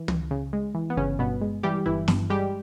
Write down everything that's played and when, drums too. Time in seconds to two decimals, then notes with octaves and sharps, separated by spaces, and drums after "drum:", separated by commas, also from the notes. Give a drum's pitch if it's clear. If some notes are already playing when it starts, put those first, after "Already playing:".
Already playing: E3
0.08 C#2, drum: tom
0.31 C#3
0.53 G#3
0.75 E3
0.90 B3
0.97 G1 C#3 C#4
1.19 G2 B2 B3
1.41 G#3
1.63 E3 G3 G4
1.86 G1 E3 E4
2.08 G2, drum: snare
2.30 G3 G#3 G4